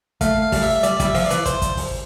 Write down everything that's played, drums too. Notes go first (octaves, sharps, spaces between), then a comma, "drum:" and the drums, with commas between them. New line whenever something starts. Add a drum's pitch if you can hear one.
A3 F5, drum: kick, hi-hat
F5
G3, drum: kick, open hi-hat
E5
E5
G3 D5, drum: hi-hat
G3, drum: kick, hi-hat
E5
F3, drum: open hi-hat
E5
D5
E3, drum: hi-hat
C5, drum: kick, hi-hat
drum: kick, hi-hat
drum: kick, open hi-hat